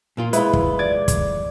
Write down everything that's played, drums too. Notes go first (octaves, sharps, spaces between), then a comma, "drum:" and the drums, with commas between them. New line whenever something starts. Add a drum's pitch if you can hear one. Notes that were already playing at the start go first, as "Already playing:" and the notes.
A#2 A#3 F4
G#3 E4 F4 B4 B5, drum: hi-hat
drum: kick
D5 G#6
drum: kick, hi-hat